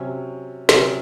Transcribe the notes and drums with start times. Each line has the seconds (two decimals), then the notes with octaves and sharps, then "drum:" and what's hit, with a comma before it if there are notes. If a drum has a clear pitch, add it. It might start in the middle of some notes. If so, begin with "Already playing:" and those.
Already playing: C3 F#3 C#4
0.69 C3 F#3 C#4, drum: snare